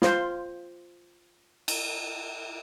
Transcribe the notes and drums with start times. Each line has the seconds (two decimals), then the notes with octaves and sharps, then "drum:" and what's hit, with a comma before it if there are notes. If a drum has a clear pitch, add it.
0.02 F4 C5, drum: snare
1.68 drum: cymbal